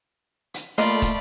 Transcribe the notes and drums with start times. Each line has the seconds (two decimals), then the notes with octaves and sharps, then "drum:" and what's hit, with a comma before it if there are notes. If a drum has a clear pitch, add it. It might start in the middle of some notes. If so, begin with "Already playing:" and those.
0.54 drum: hi-hat
0.78 A3 A#3 F4 D5 D#5 B5, drum: hi-hat
1.02 drum: kick, hi-hat